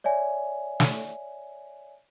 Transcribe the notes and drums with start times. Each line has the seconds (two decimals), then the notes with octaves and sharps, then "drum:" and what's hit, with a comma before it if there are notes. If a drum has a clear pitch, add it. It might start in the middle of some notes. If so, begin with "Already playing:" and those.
0.04 C#5 D5 E5 G#5
0.80 drum: snare